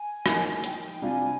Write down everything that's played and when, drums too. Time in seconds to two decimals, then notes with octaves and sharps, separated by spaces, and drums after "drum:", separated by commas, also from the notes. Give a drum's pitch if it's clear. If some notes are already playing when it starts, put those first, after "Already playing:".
Already playing: G#5
0.26 F3 A#3 D#4, drum: rim click
0.64 G5, drum: hi-hat
0.83 G5
1.02 C3 G3 D4 F4 G#5